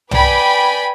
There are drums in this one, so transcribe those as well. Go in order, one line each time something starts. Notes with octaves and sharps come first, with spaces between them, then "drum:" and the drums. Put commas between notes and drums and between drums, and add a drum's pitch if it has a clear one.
B4 D5 G5 G#5 B5, drum: tom